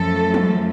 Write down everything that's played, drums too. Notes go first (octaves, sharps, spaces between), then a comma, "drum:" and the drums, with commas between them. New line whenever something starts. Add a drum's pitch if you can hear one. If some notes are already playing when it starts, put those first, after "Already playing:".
Already playing: F#2 F3 A3 A4
drum: tom